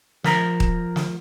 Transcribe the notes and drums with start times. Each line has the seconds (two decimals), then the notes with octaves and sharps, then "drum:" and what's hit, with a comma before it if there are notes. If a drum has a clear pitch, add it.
0.24 F3 A#4 A#5, drum: snare
0.60 drum: kick D#1
0.96 drum: snare